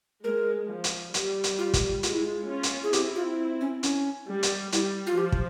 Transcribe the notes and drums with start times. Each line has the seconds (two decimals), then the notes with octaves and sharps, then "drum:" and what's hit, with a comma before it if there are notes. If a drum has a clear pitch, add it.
0.24 G#3 A#4
0.69 F3
0.84 drum: hi-hat
1.14 G3, drum: hi-hat
1.44 drum: hi-hat
1.58 F4
1.74 drum: kick, hi-hat
2.03 G#3 F4, drum: hi-hat
2.14 E4
2.24 F4
2.48 C#4 F4
2.63 drum: hi-hat
2.83 G#4
2.93 C4 E4 G4, drum: hi-hat
3.16 F4
3.61 C#4
3.83 C#4, drum: hi-hat
4.28 G3
4.43 drum: hi-hat
4.72 G3 E4, drum: hi-hat
5.07 F4
5.17 F3 G4
5.32 drum: kick